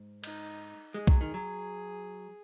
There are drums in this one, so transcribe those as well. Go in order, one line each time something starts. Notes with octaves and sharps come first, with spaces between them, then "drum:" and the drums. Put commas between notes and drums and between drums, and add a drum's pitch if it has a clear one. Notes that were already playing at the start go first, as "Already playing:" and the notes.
Already playing: G#2
D#4, drum: cymbal
G#3 G#4
F#3, drum: kick B1
D#3
F#3